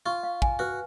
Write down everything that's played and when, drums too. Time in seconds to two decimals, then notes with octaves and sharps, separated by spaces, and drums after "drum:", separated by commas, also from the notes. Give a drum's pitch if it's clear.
0.06 F4 C#6
0.23 F5
0.42 G#5, drum: kick
0.59 F#4 B4